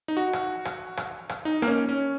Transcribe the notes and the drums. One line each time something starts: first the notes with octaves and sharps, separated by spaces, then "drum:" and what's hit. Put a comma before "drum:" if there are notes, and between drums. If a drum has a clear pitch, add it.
D#4
F#4
drum: rim click
drum: rim click
drum: rim click
drum: rim click
D#4
A#3, drum: rim click
C#4
C#4